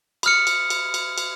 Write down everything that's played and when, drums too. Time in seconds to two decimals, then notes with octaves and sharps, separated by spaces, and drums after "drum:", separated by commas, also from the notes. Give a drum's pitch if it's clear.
0.23 B5 D#6 F6 C#7, drum: cymbal
0.47 drum: cymbal
0.70 drum: cymbal
0.94 drum: cymbal
1.18 drum: cymbal